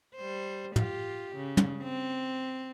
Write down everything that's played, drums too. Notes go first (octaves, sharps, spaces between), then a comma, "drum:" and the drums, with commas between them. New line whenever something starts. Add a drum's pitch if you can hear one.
G3 C5
F4 G4, drum: tom
C#3
drum: tom
C4